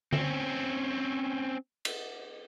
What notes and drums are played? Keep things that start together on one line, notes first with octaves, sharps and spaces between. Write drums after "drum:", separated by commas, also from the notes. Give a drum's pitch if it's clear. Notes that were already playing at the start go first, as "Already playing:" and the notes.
C4 C#4, drum: tom D3
drum: cymbal